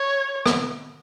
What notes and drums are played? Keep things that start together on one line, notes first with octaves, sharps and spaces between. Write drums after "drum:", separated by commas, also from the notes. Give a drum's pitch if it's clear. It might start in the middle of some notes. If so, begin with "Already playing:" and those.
Already playing: C#5
drum: rim click